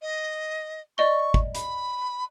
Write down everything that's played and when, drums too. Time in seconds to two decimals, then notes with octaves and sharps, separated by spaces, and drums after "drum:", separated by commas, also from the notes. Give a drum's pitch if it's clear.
0.02 D#5
0.98 D5 D#5 C#6 G7
1.34 drum: kick
1.55 B5, drum: hi-hat